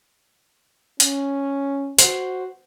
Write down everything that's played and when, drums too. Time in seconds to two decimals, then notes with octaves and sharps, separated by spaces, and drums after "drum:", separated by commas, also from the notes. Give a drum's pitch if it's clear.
1.00 C#4, drum: hi-hat
1.99 F#4 C5, drum: hi-hat